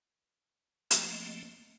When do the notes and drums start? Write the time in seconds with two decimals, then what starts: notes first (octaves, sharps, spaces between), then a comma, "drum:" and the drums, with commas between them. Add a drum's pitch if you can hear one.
0.91 F3 A3 A#3 C4 D#5, drum: hi-hat